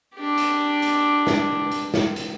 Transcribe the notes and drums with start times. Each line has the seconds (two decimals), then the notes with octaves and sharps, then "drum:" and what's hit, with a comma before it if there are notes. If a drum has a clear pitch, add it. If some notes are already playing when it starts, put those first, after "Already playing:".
0.15 D4 G4
0.37 drum: hi-hat
0.82 drum: hi-hat
1.27 drum: snare
1.71 drum: hi-hat
1.94 drum: snare
2.16 drum: hi-hat